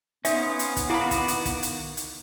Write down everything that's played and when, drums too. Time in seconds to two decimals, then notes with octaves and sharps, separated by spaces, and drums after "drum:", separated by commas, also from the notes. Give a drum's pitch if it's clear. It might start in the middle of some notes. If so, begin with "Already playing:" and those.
0.25 B3 C#4 D#4 F4 C5 E5, drum: hi-hat
0.59 drum: hi-hat
0.76 drum: kick, hi-hat
0.90 D#3 E4 F#4 F5 A#5 B5 D6
1.11 drum: kick, hi-hat
1.28 drum: hi-hat
1.45 drum: kick, hi-hat
1.63 drum: hi-hat
1.97 drum: hi-hat